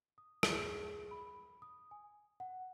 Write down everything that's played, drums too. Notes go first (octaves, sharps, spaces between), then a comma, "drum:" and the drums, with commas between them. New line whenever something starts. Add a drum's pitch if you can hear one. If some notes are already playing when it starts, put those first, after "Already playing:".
D#6
G#4, drum: rim click
B5
D#6
G#5
F#5